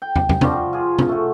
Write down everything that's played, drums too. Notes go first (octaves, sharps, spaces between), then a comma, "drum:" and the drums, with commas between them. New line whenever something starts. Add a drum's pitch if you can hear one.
G5
drum: tom
drum: tom
F3 G3 F#4, drum: tom
F4 G#4
drum: tom
A3 F#4